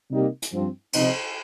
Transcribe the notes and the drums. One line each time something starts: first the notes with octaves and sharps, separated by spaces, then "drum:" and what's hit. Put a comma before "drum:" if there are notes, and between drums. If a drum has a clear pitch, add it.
C3 G3 A#3 D#4 G4
drum: hi-hat
G2 F3 C4
C3 F3 C4 D#4, drum: cymbal